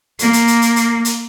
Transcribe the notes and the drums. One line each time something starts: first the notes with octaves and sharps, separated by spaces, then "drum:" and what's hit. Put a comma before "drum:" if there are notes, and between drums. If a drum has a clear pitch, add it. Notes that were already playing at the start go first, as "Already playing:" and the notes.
A#3, drum: hi-hat
drum: hi-hat
drum: hi-hat
drum: hi-hat
drum: hi-hat
drum: hi-hat